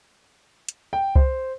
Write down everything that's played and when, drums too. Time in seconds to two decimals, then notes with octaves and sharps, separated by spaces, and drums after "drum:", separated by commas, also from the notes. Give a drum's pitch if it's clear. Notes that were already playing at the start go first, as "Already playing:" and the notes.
0.69 drum: hi-hat
0.93 G5
1.16 C5, drum: kick C2